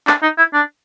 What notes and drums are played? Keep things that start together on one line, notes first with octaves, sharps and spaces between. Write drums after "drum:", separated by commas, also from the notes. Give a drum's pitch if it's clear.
D4, drum: clap
D#4
E4
D4